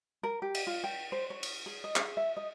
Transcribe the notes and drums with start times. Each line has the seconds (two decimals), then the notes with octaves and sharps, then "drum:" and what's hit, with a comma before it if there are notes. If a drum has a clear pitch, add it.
0.23 A#4
0.42 G4
0.55 drum: cymbal
0.67 F4
0.84 G5
1.12 C5
1.30 C#5
1.43 drum: cymbal
1.66 G#4
1.84 D#5
1.96 G#4, drum: clap
2.17 E5
2.37 D#5